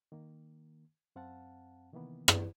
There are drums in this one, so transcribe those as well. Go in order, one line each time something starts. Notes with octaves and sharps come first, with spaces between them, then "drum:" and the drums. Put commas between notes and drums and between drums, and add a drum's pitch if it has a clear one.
D#3 A#3
F#2 C4 F5 F#5 A5
C3 D#3 E3 A#3 B3
drum: rim click